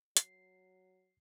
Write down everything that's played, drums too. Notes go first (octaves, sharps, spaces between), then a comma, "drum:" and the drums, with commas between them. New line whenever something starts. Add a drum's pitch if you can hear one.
F#3 C7, drum: hi-hat